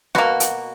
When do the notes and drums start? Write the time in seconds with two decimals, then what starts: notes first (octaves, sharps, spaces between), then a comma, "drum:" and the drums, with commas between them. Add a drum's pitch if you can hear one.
0.15 B2 A#3 F#4, drum: rim click
0.40 drum: hi-hat